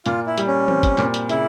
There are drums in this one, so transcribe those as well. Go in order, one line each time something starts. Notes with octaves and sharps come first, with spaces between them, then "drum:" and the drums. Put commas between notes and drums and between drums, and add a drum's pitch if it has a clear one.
A#2 F4, drum: hi-hat
E4
G3, drum: hi-hat
C#4
C4, drum: tom E3
drum: kick, hi-hat
A#2, drum: clap
drum: hi-hat
C#3 E4, drum: hi-hat